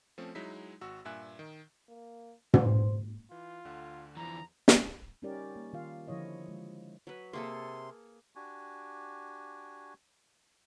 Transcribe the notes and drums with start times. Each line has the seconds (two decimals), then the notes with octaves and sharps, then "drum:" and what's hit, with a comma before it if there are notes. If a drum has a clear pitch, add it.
0.18 F3 A3 C4 C#4
0.35 F#3 G#3 D#4 E4 B6
0.81 G#1 F#4 C#6 E6
1.05 G2 A#2 E5 G#5 F#6
1.39 D#3
1.88 A#3
2.54 C5, drum: tom
3.31 E3 F4
3.65 D2 D3 F#5
4.17 E2 D3 E3 F3 A#5
4.68 drum: snare
5.22 G3 C#4 D#4 G4 A#4 D5
5.56 A#3
5.73 D#3 F4 F5
6.07 D3 F3 E4 C#5 D#5
6.48 G#3
7.07 F#3 B4
7.33 C3 A#3 G#4 A4 C6
8.36 D4 F#4 G4 G#5